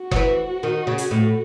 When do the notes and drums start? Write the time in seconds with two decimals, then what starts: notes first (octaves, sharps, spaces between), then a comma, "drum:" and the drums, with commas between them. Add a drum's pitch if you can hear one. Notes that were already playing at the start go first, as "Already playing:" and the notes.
Already playing: F#4
0.11 F#3, drum: kick F#1
0.16 E3
0.63 D#3
0.87 C#3
0.98 drum: hi-hat
1.11 A2